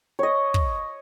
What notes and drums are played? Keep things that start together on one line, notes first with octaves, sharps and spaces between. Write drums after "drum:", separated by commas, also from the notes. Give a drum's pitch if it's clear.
C#5 D#5
drum: kick